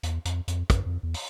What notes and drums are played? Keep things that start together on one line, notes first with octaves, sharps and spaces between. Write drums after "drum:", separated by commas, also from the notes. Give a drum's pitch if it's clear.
E2, drum: hi-hat
F2, drum: hi-hat
F2, drum: hi-hat
F#2, drum: kick, hi-hat
F2
E2
drum: open hi-hat